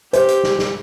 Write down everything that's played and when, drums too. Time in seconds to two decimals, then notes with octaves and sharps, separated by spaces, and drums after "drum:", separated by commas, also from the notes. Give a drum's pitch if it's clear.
0.13 G4 C5, drum: hi-hat
0.28 drum: hi-hat
0.44 drum: snare
0.59 drum: snare